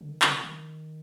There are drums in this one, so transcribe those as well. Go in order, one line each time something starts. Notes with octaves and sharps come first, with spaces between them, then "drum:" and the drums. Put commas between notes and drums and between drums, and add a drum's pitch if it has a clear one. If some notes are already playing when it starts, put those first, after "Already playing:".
D3
D#3
D3, drum: clap
C3
D#3